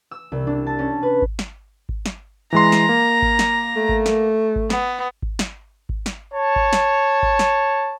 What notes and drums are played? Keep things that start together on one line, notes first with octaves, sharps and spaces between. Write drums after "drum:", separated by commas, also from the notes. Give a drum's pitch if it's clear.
E6
C2
D4
A5
C#4
B4
drum: kick G#1
drum: snare
drum: kick G#1
drum: snare
E3 G#3 A#5 C6
drum: snare
A#3
drum: kick G#1
drum: snare
A3
drum: kick G#1
drum: snare
drum: kick G#1
B3, drum: snare
drum: kick G#1
drum: snare
drum: kick G#1
drum: snare
C#5 A5
drum: kick G#1
drum: snare
drum: kick G#1
drum: snare